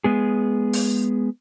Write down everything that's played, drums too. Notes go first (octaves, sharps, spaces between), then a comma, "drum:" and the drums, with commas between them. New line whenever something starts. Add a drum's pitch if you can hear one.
G#3 B3 G#4
drum: open hi-hat